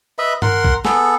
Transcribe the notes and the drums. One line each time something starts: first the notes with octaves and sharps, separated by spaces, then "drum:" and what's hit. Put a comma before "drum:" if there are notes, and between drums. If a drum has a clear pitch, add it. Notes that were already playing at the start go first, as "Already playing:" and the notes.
B4 D#5 E5 B5
A#4 F#5 C6, drum: tom G2
drum: kick B1
B3 G#4 A4, drum: snare